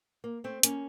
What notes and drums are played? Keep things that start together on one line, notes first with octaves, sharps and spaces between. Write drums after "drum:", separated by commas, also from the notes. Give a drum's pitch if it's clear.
A#3
A3 C4
A#3 C#4, drum: hi-hat